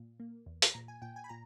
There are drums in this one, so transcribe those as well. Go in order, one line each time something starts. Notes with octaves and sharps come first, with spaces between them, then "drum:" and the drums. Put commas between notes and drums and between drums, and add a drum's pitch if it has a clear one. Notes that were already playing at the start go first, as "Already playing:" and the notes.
Already playing: A#2
A#3
E2
drum: hi-hat
A#2 A#5
G#5
A#2 G5
G#5
B5
A#2 A#5